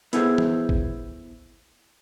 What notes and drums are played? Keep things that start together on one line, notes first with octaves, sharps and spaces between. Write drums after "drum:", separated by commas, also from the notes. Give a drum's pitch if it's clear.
B3 E4 G#4 A4 C5, drum: hi-hat
drum: tom E3
drum: kick